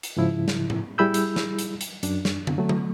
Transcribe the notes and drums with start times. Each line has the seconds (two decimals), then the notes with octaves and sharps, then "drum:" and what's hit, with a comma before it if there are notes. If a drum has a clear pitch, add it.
0.03 drum: hi-hat
0.17 G#2 C#3 F3 E4
0.48 drum: snare
0.70 drum: tom A2
0.98 G3 E4 G#4 B5 E6 G6
1.14 drum: hi-hat
1.36 drum: snare
1.59 drum: hi-hat
1.81 drum: hi-hat
2.03 F#2 D4, drum: hi-hat
2.25 drum: snare
2.47 drum: tom
2.58 F#3 A3
2.69 drum: tom D3